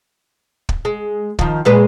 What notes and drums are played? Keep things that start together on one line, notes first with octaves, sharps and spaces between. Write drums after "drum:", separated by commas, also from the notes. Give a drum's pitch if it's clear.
drum: kick
G#3
D#3 F3, drum: kick
A#2 G#3 B4